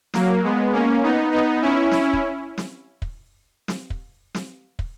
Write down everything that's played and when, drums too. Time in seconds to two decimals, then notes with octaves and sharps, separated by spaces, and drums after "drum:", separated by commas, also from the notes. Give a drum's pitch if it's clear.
0.14 F#3 A#3, drum: snare
0.43 G#3 B3
0.73 A#3 C#4
1.03 B3 D#4
1.32 B3 D#4
1.61 C#4 E4
1.91 C#4 E4, drum: snare
2.13 drum: kick
2.58 drum: snare
3.02 drum: kick
3.68 drum: snare
3.90 drum: kick
4.35 drum: snare
4.79 drum: kick